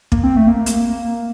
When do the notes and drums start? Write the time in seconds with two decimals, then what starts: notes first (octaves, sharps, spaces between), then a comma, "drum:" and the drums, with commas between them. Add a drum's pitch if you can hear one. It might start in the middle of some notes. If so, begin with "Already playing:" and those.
0.12 A#3, drum: kick
0.24 C4
0.36 A3
0.48 A#3
0.66 drum: hi-hat